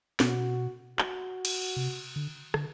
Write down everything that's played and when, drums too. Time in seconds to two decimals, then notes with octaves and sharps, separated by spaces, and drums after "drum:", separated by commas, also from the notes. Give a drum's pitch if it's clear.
0.20 B2 F#4, drum: snare
0.99 F#4, drum: clap
1.45 drum: cymbal
1.76 C3
2.16 D3
2.54 D3, drum: rim click